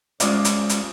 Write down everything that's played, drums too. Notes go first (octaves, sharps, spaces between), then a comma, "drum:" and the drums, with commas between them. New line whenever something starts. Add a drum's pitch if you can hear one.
G#3 C#4 F4 C5 D5, drum: hi-hat
drum: hi-hat
drum: hi-hat